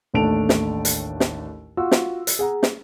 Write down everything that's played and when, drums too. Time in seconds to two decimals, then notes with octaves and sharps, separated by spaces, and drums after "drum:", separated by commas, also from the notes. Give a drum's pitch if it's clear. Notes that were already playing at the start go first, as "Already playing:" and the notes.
0.14 A1 D#2 A3 D4 D7 F7
0.49 drum: snare
0.85 drum: hi-hat
1.20 drum: snare
1.77 F4 F#4 E6
1.91 drum: snare
2.27 drum: hi-hat
2.39 G#4 F#5 A#5
2.63 drum: snare